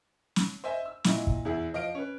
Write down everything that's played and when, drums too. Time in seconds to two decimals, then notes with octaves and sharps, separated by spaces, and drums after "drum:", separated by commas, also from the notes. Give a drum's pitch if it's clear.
0.36 drum: snare
0.64 C5 D#5 E5 G#5
0.86 E6
1.04 A#2 E4 D#5, drum: snare
1.27 drum: kick
1.45 E2 E4 G#4
1.73 F3 D#5 F5 D7
1.95 C#4 B4